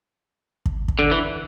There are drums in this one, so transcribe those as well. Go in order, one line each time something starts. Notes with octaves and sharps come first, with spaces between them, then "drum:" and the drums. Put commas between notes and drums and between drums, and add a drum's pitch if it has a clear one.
drum: kick
drum: kick
D3
E3